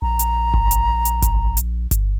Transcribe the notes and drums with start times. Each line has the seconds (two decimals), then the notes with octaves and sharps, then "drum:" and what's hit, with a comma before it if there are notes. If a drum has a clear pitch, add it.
0.02 A#1 A#5
0.19 drum: hi-hat
0.54 drum: kick G1
0.71 drum: hi-hat
1.05 drum: hi-hat
1.22 drum: kick G1, hi-hat
1.57 drum: hi-hat
1.91 drum: kick G1, hi-hat